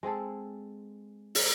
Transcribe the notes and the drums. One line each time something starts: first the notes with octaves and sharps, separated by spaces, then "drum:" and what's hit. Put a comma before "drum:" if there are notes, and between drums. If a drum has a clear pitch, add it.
G#3 C4 G#4 A4
drum: open hi-hat